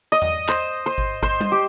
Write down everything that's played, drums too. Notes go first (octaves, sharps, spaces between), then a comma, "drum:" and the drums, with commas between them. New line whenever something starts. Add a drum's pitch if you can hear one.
D#5
drum: tom E2
C5, drum: clap
C5
drum: kick G#1
C5, drum: kick G#1
drum: tom G3
G4